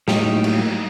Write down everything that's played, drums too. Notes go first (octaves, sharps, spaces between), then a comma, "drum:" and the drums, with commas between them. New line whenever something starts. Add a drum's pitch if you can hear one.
A2 F#3 G3 A#3 D#4 G4, drum: snare
drum: cymbal